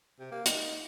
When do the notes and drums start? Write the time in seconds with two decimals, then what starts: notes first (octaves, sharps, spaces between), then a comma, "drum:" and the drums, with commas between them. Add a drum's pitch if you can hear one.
0.20 C3
0.31 A#3
0.46 D#4, drum: hi-hat